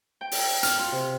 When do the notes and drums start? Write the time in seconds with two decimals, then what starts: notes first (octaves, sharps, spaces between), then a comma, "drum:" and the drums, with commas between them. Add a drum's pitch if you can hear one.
0.21 G5
0.31 drum: open hi-hat
0.63 F6, drum: hi-hat
0.79 F4
0.92 C3